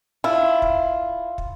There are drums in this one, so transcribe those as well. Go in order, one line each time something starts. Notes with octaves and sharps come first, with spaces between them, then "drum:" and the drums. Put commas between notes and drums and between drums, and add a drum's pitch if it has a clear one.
E4 F4
drum: kick
drum: kick